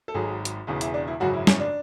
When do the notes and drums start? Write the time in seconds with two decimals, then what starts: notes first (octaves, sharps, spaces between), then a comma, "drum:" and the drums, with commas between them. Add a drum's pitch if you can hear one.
0.08 A4
0.14 G#1 G#2 F#3 G#4
0.45 drum: hi-hat
0.67 E1 E2 C#3 E3
0.81 E4, drum: hi-hat
0.94 D4
1.07 E4
1.20 G#1 F#2 C#3 F#3 F#4
1.34 E4
1.47 C#4, drum: snare
1.60 D4